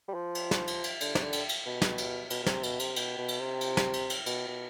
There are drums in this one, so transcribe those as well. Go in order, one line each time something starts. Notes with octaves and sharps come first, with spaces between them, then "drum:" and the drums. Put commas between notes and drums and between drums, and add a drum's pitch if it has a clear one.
G3
F3
drum: cymbal
drum: snare
drum: cymbal
drum: cymbal
D3, drum: cymbal
C3, drum: snare
D3
drum: cymbal
drum: cymbal
B2
drum: snare
drum: cymbal
B2, drum: cymbal
B2
C3, drum: snare
B2, drum: cymbal
C3, drum: cymbal
B2, drum: cymbal
B2
drum: cymbal
C3
drum: cymbal
drum: snare
drum: cymbal
drum: cymbal
B2, drum: cymbal
B2